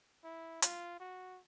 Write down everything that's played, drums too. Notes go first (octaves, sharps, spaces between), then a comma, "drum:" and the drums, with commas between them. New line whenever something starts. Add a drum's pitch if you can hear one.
E4
F4, drum: hi-hat
F#4